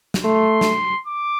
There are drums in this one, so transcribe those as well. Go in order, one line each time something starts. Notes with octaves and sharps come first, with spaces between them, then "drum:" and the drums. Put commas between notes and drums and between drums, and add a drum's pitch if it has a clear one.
drum: snare
A3 C6
drum: snare
D6